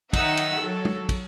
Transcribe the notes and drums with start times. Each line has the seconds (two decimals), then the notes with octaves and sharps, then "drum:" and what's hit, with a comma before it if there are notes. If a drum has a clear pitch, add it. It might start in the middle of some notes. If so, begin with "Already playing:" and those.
0.13 D#3 F#3 D#4 E5 F#5 E6, drum: kick, cymbal
0.37 drum: cymbal
0.58 F#3 A4
0.85 drum: tom
1.09 drum: kick, cymbal